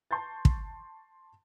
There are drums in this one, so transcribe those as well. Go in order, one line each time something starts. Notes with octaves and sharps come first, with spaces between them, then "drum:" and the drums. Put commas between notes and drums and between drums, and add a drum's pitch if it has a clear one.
A5 C6 C#6 G6 A6
drum: kick